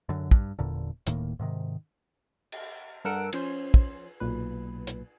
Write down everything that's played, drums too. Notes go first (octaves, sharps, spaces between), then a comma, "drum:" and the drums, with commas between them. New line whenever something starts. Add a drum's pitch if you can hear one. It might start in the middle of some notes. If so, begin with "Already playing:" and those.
F#2 D3
G2, drum: kick
E1 E2 A#2 D3
D1 A2 D#3 A#3, drum: hi-hat
G#2 C3 D#3
drum: cymbal
G2 A4 A#4 F#5 E6 D7
F3 C#4 C5, drum: cymbal
drum: kick
B1 A#2 B4
drum: hi-hat